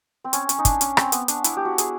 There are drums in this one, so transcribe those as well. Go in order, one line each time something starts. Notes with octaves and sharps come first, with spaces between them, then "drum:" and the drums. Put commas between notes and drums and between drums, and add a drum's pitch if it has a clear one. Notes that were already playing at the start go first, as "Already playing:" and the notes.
C4
C#4, drum: hi-hat
C#4, drum: hi-hat
D#4
D4, drum: kick, hi-hat
C#4, drum: hi-hat
C4, drum: rim click
B3, drum: hi-hat
D4, drum: hi-hat
E4, drum: hi-hat
G4
F#4
G#4, drum: hi-hat